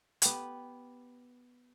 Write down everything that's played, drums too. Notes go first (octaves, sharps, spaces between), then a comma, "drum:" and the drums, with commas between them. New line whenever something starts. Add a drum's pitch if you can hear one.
B3 G4, drum: hi-hat